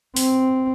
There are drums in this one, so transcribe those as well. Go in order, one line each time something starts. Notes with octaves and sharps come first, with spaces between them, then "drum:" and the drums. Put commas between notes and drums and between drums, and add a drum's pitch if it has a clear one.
C4, drum: open hi-hat